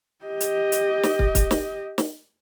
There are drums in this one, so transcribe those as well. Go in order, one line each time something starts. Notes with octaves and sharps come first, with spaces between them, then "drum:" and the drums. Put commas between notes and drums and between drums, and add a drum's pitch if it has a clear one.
G4 D#5
drum: hi-hat
drum: hi-hat
drum: snare
drum: kick
drum: kick, hi-hat
drum: snare
drum: snare